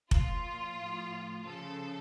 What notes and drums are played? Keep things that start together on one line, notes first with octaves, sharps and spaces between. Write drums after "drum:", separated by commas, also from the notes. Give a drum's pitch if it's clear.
A#2 F3 F4, drum: kick F1
A2 F3
C#3 F3 A4